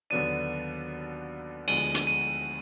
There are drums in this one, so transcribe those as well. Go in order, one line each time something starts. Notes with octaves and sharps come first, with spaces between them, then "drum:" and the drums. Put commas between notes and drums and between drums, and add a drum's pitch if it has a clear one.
D#2 D3 F#3 B3 D4 D#7
D2 D3 F3 G#3 B3 D#7, drum: cymbal
drum: hi-hat
D#7